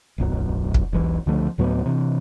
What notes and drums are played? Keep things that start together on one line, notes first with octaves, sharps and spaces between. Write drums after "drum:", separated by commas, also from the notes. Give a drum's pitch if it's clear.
D1 B1 F#2
drum: kick
E1 B1 E3
C#2 D3 F3 A3
D2 A2 F#3 B3
C3 E3